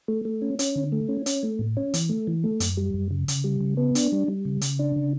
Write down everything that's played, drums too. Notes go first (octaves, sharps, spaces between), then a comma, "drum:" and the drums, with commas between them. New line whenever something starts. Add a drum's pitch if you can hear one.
A3
A3
C#4
C#4, drum: hi-hat
D3
A3
C#4
C#4, drum: hi-hat
A3
A2
C#4
E3, drum: hi-hat
A3
E3
A3
F#2, drum: hi-hat
G3
F#2
C#3
C#3, drum: hi-hat
G3
C#3
B3
D4, drum: hi-hat
G3
G3
C#3
C#3, drum: hi-hat
D4
C#3